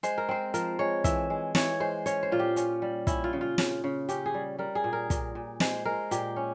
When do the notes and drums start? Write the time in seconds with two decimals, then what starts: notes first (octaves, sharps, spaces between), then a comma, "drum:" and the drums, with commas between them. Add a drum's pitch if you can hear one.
0.03 G#3 C5, drum: hi-hat
0.18 A#4
0.29 C4 C5
0.54 F3 A#4, drum: hi-hat
0.79 G#3 C#5
1.04 E3 E5, drum: kick, hi-hat
1.30 G#3
1.55 E3 C#5, drum: snare
1.80 G#3 C5
2.06 C#4 C#5, drum: hi-hat
2.23 C5
2.32 A#2 F4
2.39 G4
2.56 C#4, drum: hi-hat
2.82 G3
3.07 C#4 E4, drum: kick, hi-hat
3.24 F4
3.33 C#3
3.41 F4
3.58 C#3, drum: snare
3.84 C#3
4.09 C#4 G4, drum: hi-hat
4.26 G#4
4.34 G3
4.58 G3 A#4
4.75 G#4
4.84 A#2
4.93 A#4
5.10 A#2, drum: kick, hi-hat
5.35 A#2
5.60 G#3 C5, drum: snare
5.85 G#3 A#4
6.11 A#2 G4, drum: hi-hat
6.36 C#4